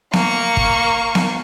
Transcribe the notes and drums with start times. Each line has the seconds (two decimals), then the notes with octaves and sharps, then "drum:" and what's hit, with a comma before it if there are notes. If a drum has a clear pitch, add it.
0.13 A#3 C#6, drum: snare B3
0.57 drum: kick
1.15 drum: snare B3